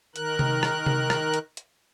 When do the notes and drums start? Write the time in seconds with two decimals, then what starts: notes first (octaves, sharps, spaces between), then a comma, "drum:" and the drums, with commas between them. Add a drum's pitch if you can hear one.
0.16 D#3 A#4 F#6, drum: hi-hat
0.39 drum: tom C3
0.63 drum: rim click
0.86 drum: tom C3
1.10 drum: rim click
1.34 drum: hi-hat
1.57 drum: hi-hat